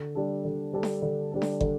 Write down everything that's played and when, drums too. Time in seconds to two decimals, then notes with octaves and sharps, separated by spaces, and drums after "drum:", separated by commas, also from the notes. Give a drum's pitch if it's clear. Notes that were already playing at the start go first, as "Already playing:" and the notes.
Already playing: D3
0.15 G3 D4 A4
0.45 D3
0.73 G3 D4 A4
0.83 drum: snare D4
1.02 D3
1.32 G3 D4 A4
1.42 drum: snare D4
1.61 D3, drum: kick